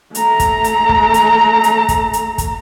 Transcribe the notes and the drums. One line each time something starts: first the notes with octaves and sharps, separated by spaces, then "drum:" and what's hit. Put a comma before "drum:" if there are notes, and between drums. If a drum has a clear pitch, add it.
A3 A#5, drum: hi-hat
drum: kick, hi-hat
drum: hi-hat
drum: kick
drum: hi-hat
drum: hi-hat
drum: kick, hi-hat
drum: hi-hat
drum: kick, hi-hat